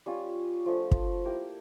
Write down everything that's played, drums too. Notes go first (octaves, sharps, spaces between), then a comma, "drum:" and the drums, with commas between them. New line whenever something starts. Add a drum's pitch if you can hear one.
G3 C#4 F4
F3 A3 D4
drum: kick
A#3 E4 G4 A#4